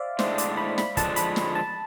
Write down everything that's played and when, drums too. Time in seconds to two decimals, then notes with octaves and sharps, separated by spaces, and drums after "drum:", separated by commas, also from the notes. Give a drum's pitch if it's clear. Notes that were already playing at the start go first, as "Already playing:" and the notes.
Already playing: C5 D5 E5 F5
0.19 A2 G#3 D4 C5, drum: snare
0.38 D5, drum: hi-hat
0.57 B5
0.78 B5, drum: snare
0.97 D3 F3 G#3 D4 A5, drum: kick, hi-hat
1.16 B5, drum: hi-hat
1.36 drum: snare
1.55 A5